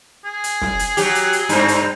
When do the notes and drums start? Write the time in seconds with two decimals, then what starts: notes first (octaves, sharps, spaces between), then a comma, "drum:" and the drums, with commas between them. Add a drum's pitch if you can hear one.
0.25 G#4
0.44 drum: hi-hat
0.62 drum: snare
0.79 drum: hi-hat
0.97 F#3 G4, drum: hi-hat
1.15 drum: hi-hat
1.33 drum: hi-hat
1.49 G2 C4, drum: hi-hat
1.68 drum: hi-hat